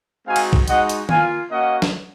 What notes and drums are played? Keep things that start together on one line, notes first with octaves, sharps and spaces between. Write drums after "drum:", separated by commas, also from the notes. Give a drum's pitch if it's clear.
G#3 C4 D#4 F#4 F5 G#5
drum: cymbal
drum: kick A#1
G#3 D#4 F#4 D#5 F#5, drum: hi-hat
drum: hi-hat
A#3 F4 F5 G#5, drum: tom D#3
A#3 C#4 F#4 D#5 F#5
drum: snare